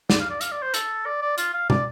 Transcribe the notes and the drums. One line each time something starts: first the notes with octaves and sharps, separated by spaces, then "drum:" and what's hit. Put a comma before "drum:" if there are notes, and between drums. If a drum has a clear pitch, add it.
D5, drum: snare
F5
D5
F5, drum: hi-hat
D5
C5
A4, drum: hi-hat
D5
D5
F4, drum: hi-hat
F5
D5, drum: tom